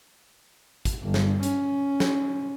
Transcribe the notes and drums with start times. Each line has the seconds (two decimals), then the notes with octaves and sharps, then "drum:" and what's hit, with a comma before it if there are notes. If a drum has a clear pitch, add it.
0.85 drum: kick, hi-hat
1.03 G1
1.14 drum: snare
1.43 C#4, drum: hi-hat
2.00 drum: snare